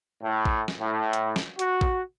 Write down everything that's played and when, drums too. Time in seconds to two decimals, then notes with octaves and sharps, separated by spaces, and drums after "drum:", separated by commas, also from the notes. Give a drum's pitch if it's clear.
0.23 A2
0.45 drum: kick
0.68 drum: snare
0.80 A2
1.13 drum: hi-hat
1.36 drum: snare
1.59 F#4, drum: hi-hat
1.81 drum: kick